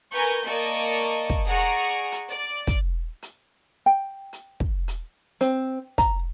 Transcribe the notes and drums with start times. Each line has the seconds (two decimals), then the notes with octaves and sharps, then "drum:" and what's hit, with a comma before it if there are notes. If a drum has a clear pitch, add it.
0.12 A#4 B4 G#5 A#5 C#6 G6
0.46 A#3 D5 D#5 A5 C#6, drum: hi-hat
1.02 drum: hi-hat
1.30 drum: kick
1.47 G#4 D5 F#5 A#5 C#6
1.57 drum: hi-hat
2.12 drum: hi-hat
2.31 D5
2.67 drum: kick, hi-hat
3.22 drum: hi-hat
3.86 G5
4.33 drum: hi-hat
4.60 drum: kick
4.88 drum: hi-hat
5.41 C4, drum: hi-hat
5.98 A#5, drum: kick, hi-hat